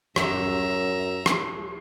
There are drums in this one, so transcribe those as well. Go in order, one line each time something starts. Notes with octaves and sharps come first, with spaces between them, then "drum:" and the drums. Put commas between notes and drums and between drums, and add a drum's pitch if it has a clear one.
F#2 E5 A#5, drum: rim click
drum: rim click